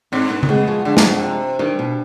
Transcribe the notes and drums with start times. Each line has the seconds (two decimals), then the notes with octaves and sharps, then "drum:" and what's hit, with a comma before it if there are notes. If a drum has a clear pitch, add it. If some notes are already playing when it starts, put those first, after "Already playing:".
0.12 G#2 C4 D#4
0.30 B3 D4
0.43 B3, drum: tom C#3
0.49 B2 G#3 C4
0.63 B3
0.67 F3 G#3
0.85 D3 F3 G#3
0.97 C3, drum: snare
1.07 B2
1.19 C3
1.59 G2 D#3 G3
1.79 B2